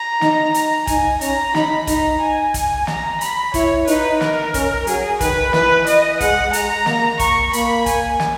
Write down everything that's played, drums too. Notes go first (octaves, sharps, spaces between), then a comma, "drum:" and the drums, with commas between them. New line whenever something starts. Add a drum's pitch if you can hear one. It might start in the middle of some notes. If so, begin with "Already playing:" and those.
Already playing: A#5
D#4, drum: snare
A#5, drum: hi-hat
D#4 G#5, drum: kick, hi-hat
C#4 A#5, drum: hi-hat
D#4 B5, drum: snare
D#4 A#5, drum: kick, hi-hat
G#5
drum: kick, hi-hat
A#5, drum: snare
B5, drum: hi-hat
E4 C#5, drum: kick, hi-hat
D#4 B4, drum: hi-hat
A#4, drum: snare
C#4, drum: kick, hi-hat
F#3 G#4, drum: hi-hat
D#3 B4, drum: kick, hi-hat
E3 B4, drum: snare
E3 D#5, drum: hi-hat
G#3 F#5, drum: kick, hi-hat
G#3 A#5, drum: hi-hat
A#3, drum: snare
C#6, drum: kick, hi-hat
A#3 B5, drum: hi-hat
G#5, drum: kick, hi-hat
drum: snare